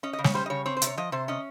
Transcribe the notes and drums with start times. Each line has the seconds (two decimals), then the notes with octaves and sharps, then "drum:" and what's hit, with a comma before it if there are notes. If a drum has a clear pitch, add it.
0.03 C#4 D#5
0.13 D#5
0.19 C#3
0.24 C#5, drum: snare
0.34 G3 C5
0.46 D#5
0.50 C#3 C#5
0.66 C4 C#5
0.77 C5
0.82 C3, drum: hi-hat
0.87 C#5
0.97 F3 D#5
1.12 C3 C5
1.28 C#4 D#5